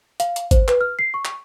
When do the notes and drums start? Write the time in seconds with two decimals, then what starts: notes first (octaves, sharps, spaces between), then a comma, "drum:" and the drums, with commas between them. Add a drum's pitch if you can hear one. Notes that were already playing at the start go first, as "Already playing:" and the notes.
0.20 F5, drum: hi-hat
0.36 drum: hi-hat
0.51 C5, drum: kick G#1, hi-hat
0.68 B4, drum: clap
0.81 F6
0.99 C7
1.14 C#6
1.25 drum: clap